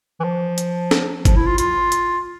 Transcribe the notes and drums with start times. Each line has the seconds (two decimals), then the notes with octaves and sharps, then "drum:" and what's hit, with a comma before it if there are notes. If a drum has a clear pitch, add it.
0.20 E3
0.24 F3
0.58 drum: hi-hat
0.91 drum: snare
1.25 F3, drum: kick G1, hi-hat
1.36 E4
1.47 F4
1.58 F4, drum: hi-hat
1.92 drum: hi-hat